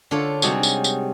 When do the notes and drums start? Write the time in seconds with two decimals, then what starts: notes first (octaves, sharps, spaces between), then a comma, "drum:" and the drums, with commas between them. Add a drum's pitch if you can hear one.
0.11 D3 F4 A4 C#5
0.42 C3 G3 G#3 D#4 F#4 C#5, drum: tambourine
0.63 drum: tambourine
0.84 drum: tambourine